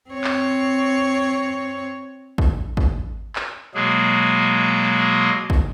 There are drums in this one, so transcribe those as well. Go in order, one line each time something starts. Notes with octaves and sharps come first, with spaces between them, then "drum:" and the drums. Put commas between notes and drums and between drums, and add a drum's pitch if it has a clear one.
C4 C#5
drum: clap
drum: kick
drum: kick
drum: clap
B2 F#3 G#3 A#3 G#4
drum: kick